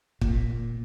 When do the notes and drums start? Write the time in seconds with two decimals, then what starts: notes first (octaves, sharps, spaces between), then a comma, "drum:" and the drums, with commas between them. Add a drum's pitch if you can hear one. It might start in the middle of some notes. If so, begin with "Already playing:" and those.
0.21 A#2, drum: kick